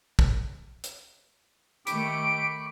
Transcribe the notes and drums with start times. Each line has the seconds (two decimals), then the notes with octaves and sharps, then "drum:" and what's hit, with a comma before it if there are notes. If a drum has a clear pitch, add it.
0.19 drum: kick
0.84 drum: hi-hat
1.87 D#3 A3 G4 B5 C#6 D6 D7, drum: hi-hat